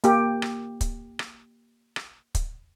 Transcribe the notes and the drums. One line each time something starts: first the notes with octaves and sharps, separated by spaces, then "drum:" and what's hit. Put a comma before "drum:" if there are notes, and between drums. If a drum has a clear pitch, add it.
A#3 G4, drum: hi-hat
drum: rim click
drum: kick, hi-hat
drum: rim click
drum: rim click
drum: kick, hi-hat